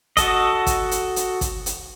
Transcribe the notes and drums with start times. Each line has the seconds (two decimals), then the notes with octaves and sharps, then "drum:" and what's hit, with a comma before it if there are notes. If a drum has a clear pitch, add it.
0.17 F#4 A4 D#5, drum: kick, hi-hat
0.67 drum: kick, hi-hat
0.91 drum: hi-hat
1.16 drum: hi-hat
1.41 drum: kick, hi-hat
1.66 drum: hi-hat